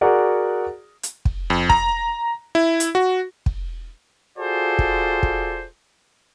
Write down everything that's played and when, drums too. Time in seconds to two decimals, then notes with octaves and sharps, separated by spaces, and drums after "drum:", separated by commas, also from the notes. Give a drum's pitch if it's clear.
0.01 F#4 G#4 A#4 D5 F#5
1.03 drum: hi-hat
1.25 drum: kick
1.50 F2
1.70 A#5, drum: kick
2.55 E4
2.80 drum: hi-hat
2.95 F#4
3.46 drum: kick
4.38 F4 F#4 G#4 A4 C5 D5
4.79 drum: kick
5.23 drum: kick